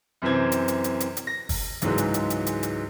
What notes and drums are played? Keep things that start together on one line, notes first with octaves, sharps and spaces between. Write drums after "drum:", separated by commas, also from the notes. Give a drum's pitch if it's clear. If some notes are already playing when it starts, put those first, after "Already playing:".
F#2 C3 E3 C4 G#6
drum: hi-hat
drum: hi-hat
drum: hi-hat
drum: hi-hat
drum: hi-hat
A#6
drum: kick, open hi-hat
C#2 G#2 E3 F#3 G#3, drum: hi-hat
drum: hi-hat
drum: hi-hat
drum: hi-hat
drum: hi-hat
drum: hi-hat